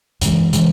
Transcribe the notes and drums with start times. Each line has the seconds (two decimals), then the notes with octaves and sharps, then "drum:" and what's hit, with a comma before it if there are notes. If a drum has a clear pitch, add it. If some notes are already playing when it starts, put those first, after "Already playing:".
0.21 F#2 C#3 E3 G#3, drum: hi-hat
0.53 C#3 E3 G#3, drum: hi-hat